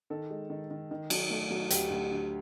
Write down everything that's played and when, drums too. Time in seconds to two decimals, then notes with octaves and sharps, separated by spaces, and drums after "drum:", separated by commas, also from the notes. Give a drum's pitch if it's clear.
0.10 D#3 A4
0.30 G#3
0.50 D#3
0.71 D#3
0.91 D#3
1.10 F#3, drum: cymbal
1.30 A3
1.50 F#3
1.70 D2 G4, drum: hi-hat
1.91 D2
2.11 D3